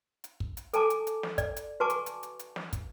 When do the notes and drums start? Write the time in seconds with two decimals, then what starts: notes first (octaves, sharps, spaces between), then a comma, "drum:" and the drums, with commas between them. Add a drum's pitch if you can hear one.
0.24 drum: hi-hat
0.40 drum: kick
0.57 drum: hi-hat
0.74 A4 G#5 A5 D6, drum: hi-hat
0.90 drum: hi-hat
1.07 drum: hi-hat
1.23 drum: snare
1.38 D5, drum: kick, hi-hat
1.56 drum: hi-hat
1.80 F#4 B4 G#5 A5 C#6 D6
1.90 drum: hi-hat
2.06 drum: hi-hat
2.23 drum: hi-hat
2.39 drum: hi-hat
2.56 drum: snare
2.73 drum: kick, hi-hat